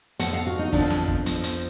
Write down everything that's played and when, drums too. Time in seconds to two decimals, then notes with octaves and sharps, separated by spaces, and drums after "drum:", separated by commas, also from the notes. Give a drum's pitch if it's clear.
0.19 F2 F3 B3 F#5, drum: hi-hat
0.33 F5
0.47 F#4
0.59 D#4
0.73 F2 F3 B3 D4, drum: kick, open hi-hat
0.90 drum: snare
1.08 drum: kick
1.26 F2 F3 B3, drum: hi-hat
1.43 drum: hi-hat